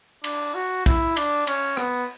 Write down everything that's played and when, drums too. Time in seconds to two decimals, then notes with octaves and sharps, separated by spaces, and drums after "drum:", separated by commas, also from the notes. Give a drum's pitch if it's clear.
0.24 D4, drum: cymbal
0.54 F#4
0.86 E4, drum: kick, cymbal
1.17 D4, drum: cymbal
1.47 C#4, drum: cymbal
1.77 B3, drum: rim click